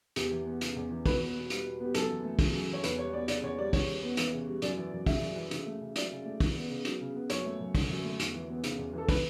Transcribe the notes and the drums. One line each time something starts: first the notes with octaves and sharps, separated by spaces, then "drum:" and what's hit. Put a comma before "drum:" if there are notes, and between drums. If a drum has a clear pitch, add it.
E2 G4, drum: hi-hat
E3
B3
C#3, drum: hi-hat
E2
E3
B2 B4, drum: kick, open hi-hat
B3
B2
G3, drum: hi-hat
B2
B3 G4
F#2 A4, drum: hi-hat
E3
A3
C#3, drum: kick, open hi-hat
F#2
E3 C#5
E2 B4, drum: hi-hat
G3 C#5
B3 D5
C#3 D5, drum: hi-hat
E2 C#5
G3 D5
C#3 C#5, drum: kick, open hi-hat
G3
B3
E3, drum: hi-hat
C#3
G3
F#2 D5, drum: hi-hat
E3
F#2
C#3 E5, drum: kick, open hi-hat
F#2
E3
C#3, drum: hi-hat
A3
C#3
F#3 D5, drum: hi-hat
C#3
A3
C#3, drum: kick, open hi-hat
B3
C#3
F#3, drum: hi-hat
C#3
B3
F#2 C#5, drum: hi-hat
A3
F#2
D3, drum: kick, open hi-hat
F#2
A3
E2, drum: hi-hat
E3
B3
C#3, drum: hi-hat
E2
E3 A4
B4, drum: kick, open hi-hat